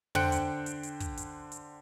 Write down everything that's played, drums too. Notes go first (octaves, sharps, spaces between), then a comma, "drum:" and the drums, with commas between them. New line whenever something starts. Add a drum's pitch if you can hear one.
D3 C5 G5 F#6 C#7 D7, drum: tom
drum: hi-hat
drum: hi-hat
drum: hi-hat
drum: kick, hi-hat
drum: hi-hat
drum: hi-hat